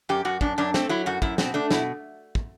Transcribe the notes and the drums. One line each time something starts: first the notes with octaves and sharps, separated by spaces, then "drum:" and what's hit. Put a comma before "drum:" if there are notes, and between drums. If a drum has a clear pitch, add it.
F#2 G4
F#2 F#4
F#2 D4, drum: kick
F#2 D4
A3 C4, drum: snare
F#3 E4
F#2 F#4
F#2 E4, drum: kick
B2 C4, drum: snare
A3 D4
B2 E4, drum: snare
drum: kick